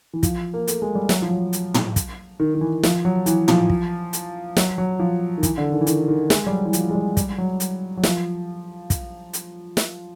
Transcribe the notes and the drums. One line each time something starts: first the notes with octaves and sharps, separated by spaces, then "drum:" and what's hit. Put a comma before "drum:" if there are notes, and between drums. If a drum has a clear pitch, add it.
E3
F3, drum: kick, hi-hat
A#3
A3, drum: hi-hat
G#3
G3
F#3, drum: snare
F3
F#3
drum: hi-hat
drum: tom
drum: kick, hi-hat
D#3
D#3
E3
F3, drum: snare
F#3
E3, drum: hi-hat
F3, drum: tom
drum: kick
drum: hi-hat
F#3, drum: snare
F#3
F3
D#3
E3, drum: kick, hi-hat
D3
D#3
E3
D#3, drum: hi-hat
D#3
G#3, drum: snare
G3
F#3
E3
F3, drum: hi-hat
G#3
G3
G3, drum: kick, hi-hat
F#3
drum: hi-hat
F#3
F3, drum: snare
drum: kick, hi-hat
drum: hi-hat
drum: snare